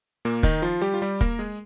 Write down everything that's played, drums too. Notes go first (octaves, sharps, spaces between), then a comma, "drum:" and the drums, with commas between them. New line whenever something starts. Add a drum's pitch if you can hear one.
A#2 A#3
D#3 D#4, drum: kick
F3 F4
G3 G4
F4
G3 G4
A#3 A#4, drum: kick
G#3 G#4